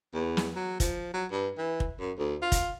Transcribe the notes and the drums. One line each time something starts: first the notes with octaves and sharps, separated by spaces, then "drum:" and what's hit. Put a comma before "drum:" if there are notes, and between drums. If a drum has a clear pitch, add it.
E2
drum: snare
F#3
F3, drum: kick, hi-hat
F#3
G2
E3
drum: kick
F#2
D2
F4
drum: kick, hi-hat